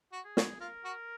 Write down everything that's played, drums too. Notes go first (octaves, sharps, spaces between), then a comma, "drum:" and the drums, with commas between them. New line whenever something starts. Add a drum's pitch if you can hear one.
F#4
G#4
F#4, drum: snare
F4 A#4
F#4